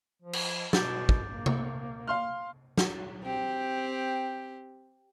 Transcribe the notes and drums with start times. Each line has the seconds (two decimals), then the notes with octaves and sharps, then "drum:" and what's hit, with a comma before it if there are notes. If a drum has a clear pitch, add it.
0.22 F3
0.33 drum: cymbal
0.73 B2 D6 G6 A6, drum: snare
1.09 drum: kick
1.27 A#3
1.46 drum: tom C3
2.08 F5 C6 F6
2.78 drum: snare
3.23 C4 G4